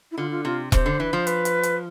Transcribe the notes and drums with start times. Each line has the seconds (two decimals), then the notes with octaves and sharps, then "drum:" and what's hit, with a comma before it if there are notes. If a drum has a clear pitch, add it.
0.11 E4
0.18 D3 F4
0.31 F4
0.45 C3 F4
0.72 C3 C5, drum: kick E1, hi-hat
0.86 D3
1.00 E3 B4
1.13 F3 C5
1.27 B4, drum: hi-hat
1.45 drum: hi-hat
1.63 drum: hi-hat